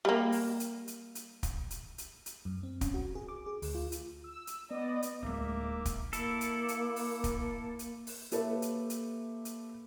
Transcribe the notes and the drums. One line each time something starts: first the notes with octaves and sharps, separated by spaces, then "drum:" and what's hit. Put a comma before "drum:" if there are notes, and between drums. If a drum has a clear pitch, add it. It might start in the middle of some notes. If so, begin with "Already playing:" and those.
G3 A#3
drum: open hi-hat
drum: hi-hat
drum: hi-hat
drum: hi-hat
drum: kick, hi-hat
drum: hi-hat
drum: hi-hat
drum: hi-hat
F#2
C4
C#4, drum: kick, hi-hat
F#4
G#4
D6
G#4
D2, drum: open hi-hat
F4
drum: hi-hat
E6
drum: hi-hat
B3 D5 D#5
drum: hi-hat
D1 G#3 A#3 D#4 E5 D6
drum: kick, hi-hat
A#3 E4 A4, drum: hi-hat
drum: hi-hat
drum: hi-hat
drum: open hi-hat
drum: kick, hi-hat
drum: hi-hat
drum: open hi-hat
A#3 G4 A4 B4 C#5 E5, drum: hi-hat
drum: hi-hat
drum: hi-hat
drum: hi-hat